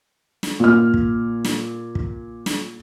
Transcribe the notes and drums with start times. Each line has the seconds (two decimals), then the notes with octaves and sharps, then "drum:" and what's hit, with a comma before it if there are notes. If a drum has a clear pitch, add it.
0.43 drum: snare
0.60 A#2 F6
0.94 drum: kick
1.44 drum: snare
1.95 drum: kick
2.46 drum: snare